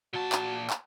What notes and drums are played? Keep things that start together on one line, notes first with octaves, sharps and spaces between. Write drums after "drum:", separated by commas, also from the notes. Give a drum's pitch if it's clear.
A#2 F#4 A5
drum: clap
drum: clap